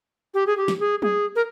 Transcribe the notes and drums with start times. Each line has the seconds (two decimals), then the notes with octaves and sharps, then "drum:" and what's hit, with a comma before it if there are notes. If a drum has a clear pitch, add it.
0.34 G4
0.47 G#4
0.57 G4
0.68 drum: snare
0.80 G#4
1.02 G#4, drum: tom
1.36 A#4